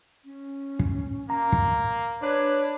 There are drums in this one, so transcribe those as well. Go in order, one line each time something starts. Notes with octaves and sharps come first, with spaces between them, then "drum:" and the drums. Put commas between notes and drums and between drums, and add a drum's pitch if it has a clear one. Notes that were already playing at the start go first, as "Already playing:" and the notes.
C#4
drum: kick
A#3 A#5
drum: kick
D4 B4 C#5